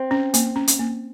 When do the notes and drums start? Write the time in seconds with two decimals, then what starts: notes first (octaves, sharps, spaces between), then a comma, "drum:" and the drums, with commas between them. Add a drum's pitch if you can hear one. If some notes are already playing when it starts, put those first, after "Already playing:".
Already playing: C4
0.11 C#4
0.34 A#3, drum: hi-hat
0.56 C#4
0.68 drum: hi-hat
0.79 A#3